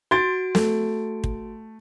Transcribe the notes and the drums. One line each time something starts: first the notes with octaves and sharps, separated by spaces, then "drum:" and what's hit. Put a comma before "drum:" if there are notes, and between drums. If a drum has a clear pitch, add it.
F#4 C6 A6 D7
A3, drum: snare
drum: kick